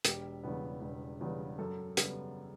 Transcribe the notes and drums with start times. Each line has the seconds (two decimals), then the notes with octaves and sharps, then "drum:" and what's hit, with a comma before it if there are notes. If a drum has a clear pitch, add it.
0.05 E1 G4, drum: hi-hat
0.44 E2 C#3 G3 B3
0.82 E1
1.21 E2 C#3 G3 B3
1.59 F#2 A4
1.97 C#3 G3 B3, drum: hi-hat